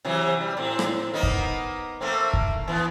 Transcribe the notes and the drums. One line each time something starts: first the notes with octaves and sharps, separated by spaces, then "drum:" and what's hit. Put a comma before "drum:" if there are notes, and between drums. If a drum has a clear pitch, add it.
C3 E3 F#3
G3
A2 C4
drum: rim click
A#3 B3 D#4
drum: kick
A3 A#3 C4
drum: kick
E3 B3